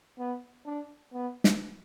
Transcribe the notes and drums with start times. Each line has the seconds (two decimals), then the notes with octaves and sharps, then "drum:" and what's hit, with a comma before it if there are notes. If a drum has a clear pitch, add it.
0.19 B3
0.66 D4
1.13 B3
1.44 drum: snare